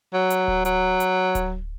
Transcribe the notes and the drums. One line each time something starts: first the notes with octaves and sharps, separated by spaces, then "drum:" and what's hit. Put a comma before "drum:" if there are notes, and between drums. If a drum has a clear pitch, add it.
F#3
drum: hi-hat
drum: kick D1
F#3, drum: hi-hat
drum: hi-hat
drum: kick D1, hi-hat